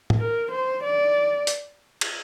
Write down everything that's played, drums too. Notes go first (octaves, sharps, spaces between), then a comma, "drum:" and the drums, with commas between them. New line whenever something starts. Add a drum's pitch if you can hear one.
drum: tom
A#4
C5
D5
drum: hi-hat
drum: cymbal